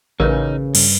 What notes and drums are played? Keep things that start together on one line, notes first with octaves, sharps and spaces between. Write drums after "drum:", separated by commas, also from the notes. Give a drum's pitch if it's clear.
A1 C#3 C#4 D#4 A#4 B4 C#5
G2, drum: cymbal